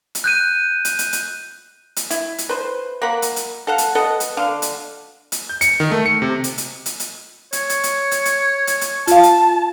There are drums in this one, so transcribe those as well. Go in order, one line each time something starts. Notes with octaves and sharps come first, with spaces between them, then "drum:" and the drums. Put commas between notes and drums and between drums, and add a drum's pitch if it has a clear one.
drum: hi-hat
F#6 G6 D#7
drum: hi-hat
drum: hi-hat
drum: hi-hat
drum: hi-hat
E4, drum: hi-hat
drum: hi-hat
B4 C5
A#3 F#5 B5
drum: hi-hat
drum: hi-hat
A4 F5 F#5
drum: hi-hat
A4 B4 D#5 F#5
drum: hi-hat
D3 F5
drum: hi-hat
drum: hi-hat
G6
C#7, drum: hi-hat
D#3
A3
C#7
C3
drum: hi-hat
drum: hi-hat
drum: hi-hat
drum: hi-hat
C#5, drum: hi-hat
drum: hi-hat
drum: hi-hat
drum: hi-hat
drum: hi-hat
drum: hi-hat
drum: hi-hat
F4 F5 A5, drum: hi-hat
drum: hi-hat